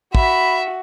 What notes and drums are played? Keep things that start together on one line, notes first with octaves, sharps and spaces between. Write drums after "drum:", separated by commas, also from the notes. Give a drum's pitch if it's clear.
F#4 E5 B5, drum: kick